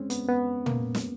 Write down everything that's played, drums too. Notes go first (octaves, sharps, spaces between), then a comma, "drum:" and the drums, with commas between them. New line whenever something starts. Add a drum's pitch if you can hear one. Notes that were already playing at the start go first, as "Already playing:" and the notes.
Already playing: G#3 C4 C#4
B3, drum: hi-hat
B3
A#3, drum: tom
drum: snare